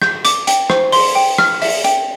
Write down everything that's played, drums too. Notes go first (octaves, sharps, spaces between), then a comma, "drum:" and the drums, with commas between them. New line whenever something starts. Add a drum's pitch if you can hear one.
G6, drum: rim click
D6, drum: hi-hat
G5, drum: hi-hat
C5, drum: rim click
C6, drum: open hi-hat
G5
F6, drum: rim click
E5, drum: open hi-hat
G5, drum: hi-hat